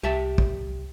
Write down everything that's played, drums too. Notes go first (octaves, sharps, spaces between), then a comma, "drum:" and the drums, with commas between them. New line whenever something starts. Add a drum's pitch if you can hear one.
C2 G4 E5 A5
drum: kick